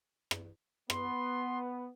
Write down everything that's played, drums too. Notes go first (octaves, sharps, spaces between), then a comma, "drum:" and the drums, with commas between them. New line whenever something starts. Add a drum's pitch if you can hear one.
drum: rim click
B3 C6, drum: rim click